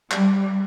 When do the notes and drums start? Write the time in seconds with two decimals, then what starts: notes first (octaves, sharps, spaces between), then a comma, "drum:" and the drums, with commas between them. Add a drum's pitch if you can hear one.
0.11 G3, drum: clap